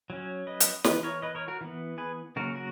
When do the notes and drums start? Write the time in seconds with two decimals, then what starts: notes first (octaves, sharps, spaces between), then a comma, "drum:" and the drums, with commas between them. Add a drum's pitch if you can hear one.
0.10 F#3 C#4
0.47 B4 D#5
0.60 drum: hi-hat
0.84 E3 B3 B4 D#5, drum: snare
1.03 A#4 C#5
1.22 B4 D#5
1.35 A#4 C#5
1.48 F#4 A#4
1.61 E3 B3
1.98 G#4 B4
2.36 C#3 F#3 A#3 F#4 A#4
2.55 F#4 A#4